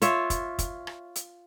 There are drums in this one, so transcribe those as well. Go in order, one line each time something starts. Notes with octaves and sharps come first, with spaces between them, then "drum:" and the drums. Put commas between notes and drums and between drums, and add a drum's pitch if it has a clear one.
F4 C#5 E5, drum: hi-hat
drum: kick, hi-hat
drum: kick, hi-hat
drum: rim click
drum: hi-hat